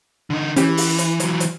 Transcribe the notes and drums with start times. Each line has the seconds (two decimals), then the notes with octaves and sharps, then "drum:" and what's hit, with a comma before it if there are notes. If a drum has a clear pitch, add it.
0.30 D3 D#4
0.56 E3 C#4 G4, drum: hi-hat
0.77 drum: open hi-hat
0.98 drum: hi-hat
1.20 E3 F#3, drum: hi-hat
1.40 drum: hi-hat